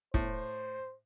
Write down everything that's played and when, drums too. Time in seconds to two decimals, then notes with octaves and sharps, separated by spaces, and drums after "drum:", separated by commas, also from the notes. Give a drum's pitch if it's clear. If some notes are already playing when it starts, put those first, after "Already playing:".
0.14 A2 C5, drum: kick